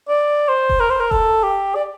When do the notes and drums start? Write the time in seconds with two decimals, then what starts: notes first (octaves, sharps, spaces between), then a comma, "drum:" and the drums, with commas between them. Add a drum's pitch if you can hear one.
0.08 D5
0.49 C5
0.69 drum: kick E1
0.80 A#4
0.90 C5
1.00 A#4
1.11 A4, drum: kick E1
1.43 G4
1.75 D5